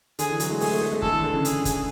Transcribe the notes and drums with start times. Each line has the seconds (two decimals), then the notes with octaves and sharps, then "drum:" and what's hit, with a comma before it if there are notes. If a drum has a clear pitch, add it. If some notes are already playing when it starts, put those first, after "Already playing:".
0.19 D3 G#4, drum: hi-hat
0.29 E3
0.40 F#3, drum: hi-hat
0.51 G#3
0.61 A3 G#4, drum: open hi-hat
0.71 A3
0.81 A3
0.92 G#3
1.02 D3 A4, drum: kick
1.13 E3
1.23 D3
1.34 C#3
1.45 G#4, drum: hi-hat
1.65 drum: kick, hi-hat